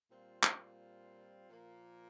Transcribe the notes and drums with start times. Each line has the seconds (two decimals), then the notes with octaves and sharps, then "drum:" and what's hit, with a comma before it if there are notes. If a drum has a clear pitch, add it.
0.11 A#2 G3 C4 F4
0.43 drum: clap
1.49 A#2 F3 A#3